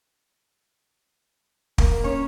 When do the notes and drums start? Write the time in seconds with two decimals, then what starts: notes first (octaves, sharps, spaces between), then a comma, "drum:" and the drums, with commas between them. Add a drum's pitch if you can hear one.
1.78 A#3, drum: kick
2.04 C#4 C#5